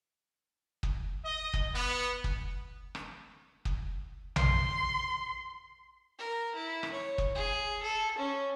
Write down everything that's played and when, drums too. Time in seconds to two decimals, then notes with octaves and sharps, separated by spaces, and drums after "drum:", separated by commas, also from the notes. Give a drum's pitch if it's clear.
0.83 drum: kick
1.24 D#5
1.54 drum: kick
1.75 B3
2.24 drum: kick
2.95 drum: rim click
3.65 drum: kick
4.36 C6, drum: tom A#1
6.19 A#4
6.55 E4
6.83 drum: rim click
6.92 C#5
7.18 drum: kick
7.35 G#4
7.83 A4
8.18 C#4